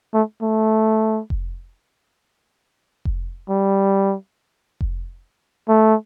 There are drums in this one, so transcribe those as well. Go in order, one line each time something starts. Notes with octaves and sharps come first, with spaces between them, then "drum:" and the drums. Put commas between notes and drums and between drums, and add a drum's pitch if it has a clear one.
A3
A3
drum: kick F1
drum: kick F1
G3
drum: kick F1
A3